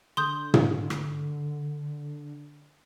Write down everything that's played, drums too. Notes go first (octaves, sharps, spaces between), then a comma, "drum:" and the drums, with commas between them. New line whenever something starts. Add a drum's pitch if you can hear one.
D3 C6 D#6 G6
drum: tom
drum: rim click